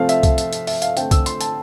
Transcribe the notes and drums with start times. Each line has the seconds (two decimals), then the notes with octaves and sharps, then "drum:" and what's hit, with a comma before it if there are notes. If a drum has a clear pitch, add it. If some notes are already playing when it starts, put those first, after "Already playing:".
Already playing: C3 F3 A3 C4 F5 A5
0.09 E5, drum: hi-hat
0.23 drum: kick, hi-hat
0.38 drum: hi-hat
0.53 drum: hi-hat
0.67 E5, drum: open hi-hat
0.82 F5, drum: hi-hat
0.97 D3 A3 C4 G5, drum: hi-hat
1.11 E6, drum: kick, hi-hat
1.26 C6, drum: hi-hat
1.41 A5, drum: hi-hat